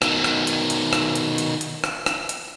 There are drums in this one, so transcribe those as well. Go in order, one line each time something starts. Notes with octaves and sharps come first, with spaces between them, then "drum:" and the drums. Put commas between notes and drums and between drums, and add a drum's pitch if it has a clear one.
B2 D#3, drum: rim click
drum: rim click
drum: hi-hat
drum: hi-hat
drum: rim click
drum: hi-hat
drum: hi-hat
drum: hi-hat
drum: rim click
drum: rim click
drum: hi-hat